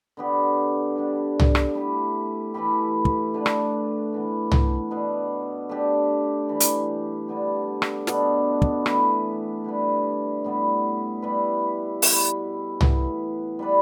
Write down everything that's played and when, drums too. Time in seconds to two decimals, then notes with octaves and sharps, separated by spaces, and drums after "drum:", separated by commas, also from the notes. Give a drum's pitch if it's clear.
0.17 D3 B3 G4
0.96 D3 G3 D4
1.40 drum: tom C2
1.55 drum: rim click
1.75 A3 E4 G4
2.54 E3 A3 E4 G4
3.05 drum: kick
3.34 D3 A3 D4 B4
3.46 drum: rim click
4.12 A2 E3 B3
4.52 drum: tom C2
4.91 B2 B3 D4 B4
5.69 A3 D4 G4
6.49 E3 G3 E4
6.60 drum: hi-hat
7.28 D3 G3 B3 G4
7.82 drum: rim click
8.07 B2 B3 D4 A4, drum: snare
8.62 drum: kick
8.86 E3 A3 E4 B4, drum: rim click
9.64 D3 G3 E4 B4
10.44 A2 G3 B3 E4
11.22 G3 E4 B4
12.02 B2 G3 E4, drum: open hi-hat
12.81 A2 E3 B3 E4, drum: tom C2
13.59 G3 E4 B4 D5